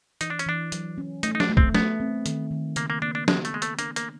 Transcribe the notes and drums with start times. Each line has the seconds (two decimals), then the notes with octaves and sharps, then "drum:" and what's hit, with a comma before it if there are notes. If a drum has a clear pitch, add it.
0.21 E3 D#4, drum: hi-hat
0.30 D4
0.39 C#4, drum: hi-hat
0.46 E3 D4
0.72 F#3, drum: hi-hat
0.98 C#4
1.23 A3 D#4, drum: hi-hat
1.35 D#4
1.40 D4, drum: snare
1.49 A3
1.57 C4, drum: kick
1.75 A3 B3, drum: snare
2.00 C4
2.26 D#3, drum: hi-hat
2.51 D#3
2.76 C#3 A#3, drum: hi-hat
2.90 A#3
3.02 A#3 D4
3.15 D4
3.28 G#3 B3, drum: snare
3.45 A3, drum: hi-hat
3.54 G#3 B3
3.62 A3, drum: hi-hat
3.79 A#3 D4, drum: hi-hat
3.96 A#3, drum: hi-hat